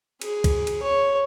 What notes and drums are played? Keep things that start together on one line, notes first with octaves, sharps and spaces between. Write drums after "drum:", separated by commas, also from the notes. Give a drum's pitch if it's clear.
G#4, drum: cymbal
drum: kick C2, cymbal
drum: cymbal
C#5